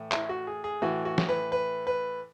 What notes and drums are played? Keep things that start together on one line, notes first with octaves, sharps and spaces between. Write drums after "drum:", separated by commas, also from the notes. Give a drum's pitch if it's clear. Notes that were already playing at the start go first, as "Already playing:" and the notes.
Already playing: A2 E3
E4, drum: clap
F#4
G#4
G#4
A2 E3 F#4
F#4
drum: snare
B4
B4
B4